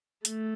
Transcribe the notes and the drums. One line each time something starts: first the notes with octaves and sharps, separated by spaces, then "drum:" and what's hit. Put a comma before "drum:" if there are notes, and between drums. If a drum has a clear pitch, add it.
A3, drum: hi-hat